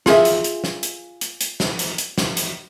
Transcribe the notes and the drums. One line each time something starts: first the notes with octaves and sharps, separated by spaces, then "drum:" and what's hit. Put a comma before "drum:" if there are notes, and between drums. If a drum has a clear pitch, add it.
F4 G#4 E5, drum: snare
drum: hi-hat
drum: hi-hat
drum: snare
drum: hi-hat
drum: hi-hat
drum: hi-hat
drum: snare
drum: hi-hat
drum: hi-hat
drum: snare
drum: hi-hat